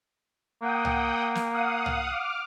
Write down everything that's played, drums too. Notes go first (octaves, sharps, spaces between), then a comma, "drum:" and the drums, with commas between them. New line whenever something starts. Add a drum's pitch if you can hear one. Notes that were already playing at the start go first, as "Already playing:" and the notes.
A#3 F#5 G5 D#6
drum: tom
drum: snare
F5 F#5 D#6
drum: tom
D6 F6